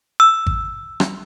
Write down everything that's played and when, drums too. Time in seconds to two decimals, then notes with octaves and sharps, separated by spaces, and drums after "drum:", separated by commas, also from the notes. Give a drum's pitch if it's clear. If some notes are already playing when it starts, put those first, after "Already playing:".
0.20 E6
0.46 drum: kick G#1
1.00 drum: rim click